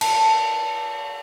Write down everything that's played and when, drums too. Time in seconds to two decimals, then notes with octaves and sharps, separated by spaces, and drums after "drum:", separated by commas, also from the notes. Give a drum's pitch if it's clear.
0.01 A5, drum: cymbal